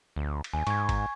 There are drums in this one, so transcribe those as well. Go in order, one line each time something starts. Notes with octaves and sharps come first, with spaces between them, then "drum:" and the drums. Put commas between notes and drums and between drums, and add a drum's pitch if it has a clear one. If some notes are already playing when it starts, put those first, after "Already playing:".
D2
drum: cymbal
D#2 G#5
G#2 C#6 G#6, drum: cymbal
drum: kick G#1, cymbal